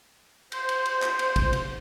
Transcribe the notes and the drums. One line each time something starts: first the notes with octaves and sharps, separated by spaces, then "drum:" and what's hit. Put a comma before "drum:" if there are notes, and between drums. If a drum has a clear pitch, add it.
C5, drum: cymbal
drum: cymbal
drum: cymbal
drum: clap
drum: cymbal
drum: kick, cymbal
drum: cymbal